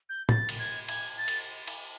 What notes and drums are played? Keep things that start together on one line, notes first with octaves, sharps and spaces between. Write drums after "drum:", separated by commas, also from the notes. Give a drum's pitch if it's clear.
G6
A6, drum: tom
drum: cymbal
G#6
G#6, drum: cymbal
A6
drum: cymbal
drum: cymbal